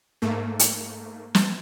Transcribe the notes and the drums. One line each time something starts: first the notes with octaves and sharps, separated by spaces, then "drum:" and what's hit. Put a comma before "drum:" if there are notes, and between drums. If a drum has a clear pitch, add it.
G#2 A3 A#3
drum: hi-hat
drum: snare